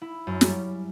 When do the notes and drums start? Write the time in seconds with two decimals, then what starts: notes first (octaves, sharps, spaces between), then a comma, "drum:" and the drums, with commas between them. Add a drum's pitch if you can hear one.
0.02 E4
0.27 F#2
0.41 G3, drum: snare